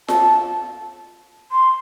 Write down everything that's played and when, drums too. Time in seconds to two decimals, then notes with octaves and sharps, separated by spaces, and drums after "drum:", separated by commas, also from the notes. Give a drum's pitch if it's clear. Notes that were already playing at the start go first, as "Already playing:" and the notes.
0.08 A5, drum: snare F4
1.51 C6